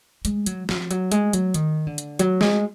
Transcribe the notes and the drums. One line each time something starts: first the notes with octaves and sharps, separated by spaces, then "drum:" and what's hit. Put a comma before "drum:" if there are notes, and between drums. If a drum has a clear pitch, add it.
G#3, drum: hi-hat
F#3, drum: hi-hat
F3, drum: snare
F#3, drum: hi-hat
G#3, drum: hi-hat
F#3, drum: hi-hat
D#3, drum: hi-hat
D3
drum: hi-hat
F#3, drum: hi-hat
G#3, drum: snare